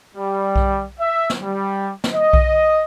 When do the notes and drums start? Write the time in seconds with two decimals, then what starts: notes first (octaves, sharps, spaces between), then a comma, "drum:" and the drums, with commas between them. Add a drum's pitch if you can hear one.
0.15 G3
0.56 drum: kick B1
1.00 E5
1.30 drum: snare
1.42 G3
2.04 drum: snare
2.13 D#5
2.33 drum: kick B1